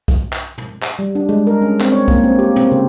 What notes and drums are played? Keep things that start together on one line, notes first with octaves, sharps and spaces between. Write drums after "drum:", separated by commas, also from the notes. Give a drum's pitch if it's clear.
drum: kick B1, hi-hat
drum: clap
drum: tom
drum: clap
G3
D4
G#3
A#4
C#4
C4, drum: clap
C#5
A#3, drum: kick B1, hi-hat
C4
G4
C4, drum: tom
C#3